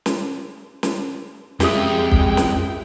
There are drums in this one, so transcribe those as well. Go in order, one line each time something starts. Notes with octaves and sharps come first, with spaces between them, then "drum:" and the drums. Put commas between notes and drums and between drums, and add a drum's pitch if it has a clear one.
drum: snare
drum: snare
F2 G#3 G4 E5 G5 D#6, drum: snare
drum: kick
drum: snare